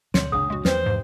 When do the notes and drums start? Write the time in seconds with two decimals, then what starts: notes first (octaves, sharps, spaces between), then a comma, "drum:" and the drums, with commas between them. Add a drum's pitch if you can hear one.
0.14 D2 B2 F3 C#5 C6 C#7, drum: snare
0.32 F1 C#2 A#2 C#3 D4 F#5 D#6
0.50 G#3 F#4
0.65 E2 F3 A3 B4 C5 G5, drum: snare
0.86 G#2 C3